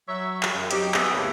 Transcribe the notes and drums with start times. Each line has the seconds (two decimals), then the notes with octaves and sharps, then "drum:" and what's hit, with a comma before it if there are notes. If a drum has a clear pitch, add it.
0.08 F#3 C#5 E5
0.43 drum: clap
0.54 F#2 C#3
0.71 F#3 C4 D#4 G4, drum: hi-hat
0.94 B3 F#4 G#4 E5, drum: clap
1.13 D2 G2 A#3 C4 C#4 E4